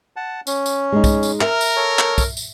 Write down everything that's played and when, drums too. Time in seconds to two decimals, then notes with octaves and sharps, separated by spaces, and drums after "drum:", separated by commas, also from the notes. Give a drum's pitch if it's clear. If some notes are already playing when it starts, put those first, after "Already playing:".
0.16 F#5 A5
0.47 C#4, drum: tambourine
0.66 drum: tambourine
0.92 G#3 D#4
1.04 drum: kick, tambourine
1.23 drum: tambourine
1.41 A#4 E5, drum: clap
1.61 drum: tambourine
1.76 A4 C#5
1.99 drum: clap
2.18 drum: kick, tambourine
2.37 drum: tambourine